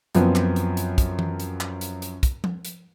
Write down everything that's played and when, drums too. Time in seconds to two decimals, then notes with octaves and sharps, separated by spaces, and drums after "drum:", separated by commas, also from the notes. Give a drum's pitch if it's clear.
0.15 F#2 F3 B3 C4, drum: hi-hat
0.35 drum: clap
0.56 drum: hi-hat
0.77 drum: hi-hat
0.98 drum: kick, hi-hat
1.19 drum: tom E3
1.40 drum: hi-hat
1.60 drum: clap
1.81 drum: hi-hat
2.02 drum: hi-hat
2.23 drum: kick, hi-hat
2.44 drum: tom F3
2.65 drum: hi-hat